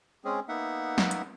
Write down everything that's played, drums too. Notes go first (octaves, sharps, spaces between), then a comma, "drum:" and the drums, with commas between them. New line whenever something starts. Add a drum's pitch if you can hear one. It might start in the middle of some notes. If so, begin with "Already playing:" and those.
G#3 C4 C#4 G#4
A#3 B3 D#4 E5 F#5
drum: snare
drum: hi-hat